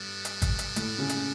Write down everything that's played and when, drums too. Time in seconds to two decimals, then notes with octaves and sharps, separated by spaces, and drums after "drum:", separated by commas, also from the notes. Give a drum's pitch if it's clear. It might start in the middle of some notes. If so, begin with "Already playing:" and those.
Already playing: G2 G3 B3 F#4 A4
0.25 drum: hi-hat
0.42 drum: kick G#1, hi-hat
0.59 drum: hi-hat
0.76 A2, drum: hi-hat
0.98 C#3
1.09 drum: hi-hat